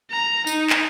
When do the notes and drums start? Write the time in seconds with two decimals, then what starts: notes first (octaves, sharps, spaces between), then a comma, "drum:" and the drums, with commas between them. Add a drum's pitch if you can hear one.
0.11 A#5
0.47 D#4, drum: tambourine
0.70 drum: clap